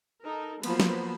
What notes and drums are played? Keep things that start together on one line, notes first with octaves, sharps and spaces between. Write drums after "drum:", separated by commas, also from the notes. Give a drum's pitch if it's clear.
D#4 A4 A#4
F3 F#3 A#3 B3 C5 B5, drum: cymbal
drum: snare